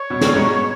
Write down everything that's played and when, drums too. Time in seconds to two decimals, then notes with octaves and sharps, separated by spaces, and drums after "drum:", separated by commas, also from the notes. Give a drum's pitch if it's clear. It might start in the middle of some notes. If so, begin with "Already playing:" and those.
Already playing: C#5
0.10 B2
0.21 G2 A#2, drum: snare
0.36 G#2 B2